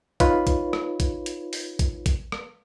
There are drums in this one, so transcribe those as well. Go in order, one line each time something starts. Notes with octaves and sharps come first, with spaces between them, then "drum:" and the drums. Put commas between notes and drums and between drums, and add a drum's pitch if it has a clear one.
D#4 F4 B4 C#5, drum: kick A#1, hi-hat
drum: kick A#1, hi-hat
drum: rim click
drum: kick A#1, hi-hat
drum: hi-hat
drum: open hi-hat
drum: kick A#1, hi-hat
drum: kick A#1, hi-hat
drum: rim click